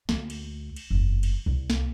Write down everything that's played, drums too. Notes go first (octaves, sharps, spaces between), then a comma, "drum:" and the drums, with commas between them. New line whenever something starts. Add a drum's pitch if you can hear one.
D2 A3, drum: snare
drum: cymbal
drum: cymbal
F#1 E2
drum: cymbal
C2, drum: kick B1
drum: snare